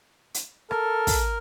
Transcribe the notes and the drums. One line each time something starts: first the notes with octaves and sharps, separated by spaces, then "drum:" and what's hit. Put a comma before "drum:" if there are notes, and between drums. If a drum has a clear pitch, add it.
drum: hi-hat
A4 A#4, drum: rim click
drum: kick, open hi-hat